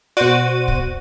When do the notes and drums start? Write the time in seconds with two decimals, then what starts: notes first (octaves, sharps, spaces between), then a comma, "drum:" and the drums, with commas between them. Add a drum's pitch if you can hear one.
0.17 B2 F#4 C5 D5 D#7
0.68 drum: kick